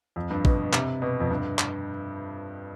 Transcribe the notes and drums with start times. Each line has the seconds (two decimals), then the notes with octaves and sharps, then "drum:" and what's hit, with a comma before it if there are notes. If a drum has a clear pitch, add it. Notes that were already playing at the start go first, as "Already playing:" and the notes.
0.16 F2
0.30 G2
0.45 B2, drum: kick A1
0.73 C3, drum: clap
1.02 B2
1.20 F2
1.30 G2
1.59 drum: clap